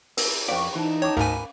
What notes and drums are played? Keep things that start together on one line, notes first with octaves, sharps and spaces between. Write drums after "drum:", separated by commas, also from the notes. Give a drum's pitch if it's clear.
A#4, drum: open hi-hat
F2 C#4 C5 D5 F5 C#6
E3 D#4 A5
C#4 C#5 C#6 D6
D2 G#2 A#4 B4 F5 G#5